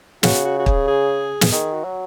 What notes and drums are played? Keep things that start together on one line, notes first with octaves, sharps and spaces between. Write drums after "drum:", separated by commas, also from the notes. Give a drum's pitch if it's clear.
C#3 F#4, drum: snare
F#4
F#4
G#4, drum: kick
G#4
drum: snare
D#3 G#4
F#4
F#3